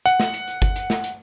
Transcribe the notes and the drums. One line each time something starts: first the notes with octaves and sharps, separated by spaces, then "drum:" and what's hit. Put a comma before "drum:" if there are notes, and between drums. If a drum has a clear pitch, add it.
F#5, drum: hi-hat
drum: snare
drum: hi-hat
drum: hi-hat
drum: kick G1, hi-hat
drum: hi-hat
drum: snare
drum: hi-hat